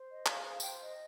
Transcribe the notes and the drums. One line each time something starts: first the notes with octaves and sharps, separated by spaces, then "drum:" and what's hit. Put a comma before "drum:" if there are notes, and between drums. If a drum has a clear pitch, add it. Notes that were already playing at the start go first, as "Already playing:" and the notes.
Already playing: C5
D#5
F4 G#4 C5 F5, drum: clap
F5
F4 C5 G5, drum: tambourine
D#5